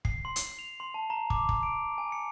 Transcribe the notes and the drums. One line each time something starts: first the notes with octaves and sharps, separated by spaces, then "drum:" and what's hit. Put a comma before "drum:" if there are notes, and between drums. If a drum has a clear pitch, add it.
C7, drum: kick
C6
drum: hi-hat
F7
C6
A5
A#5
D6, drum: kick
drum: kick
D7
G#5
C#7